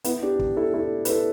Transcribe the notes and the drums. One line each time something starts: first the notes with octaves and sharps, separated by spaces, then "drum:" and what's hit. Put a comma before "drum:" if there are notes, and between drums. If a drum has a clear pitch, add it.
B3 E4, drum: hi-hat
D4 G4
drum: kick
E4 A4
E4 A4
B4, drum: hi-hat
E4 A4